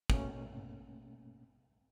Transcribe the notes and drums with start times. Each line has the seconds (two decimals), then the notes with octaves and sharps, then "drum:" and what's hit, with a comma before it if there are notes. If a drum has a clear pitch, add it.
0.10 B2 A3 A#3 C#4, drum: kick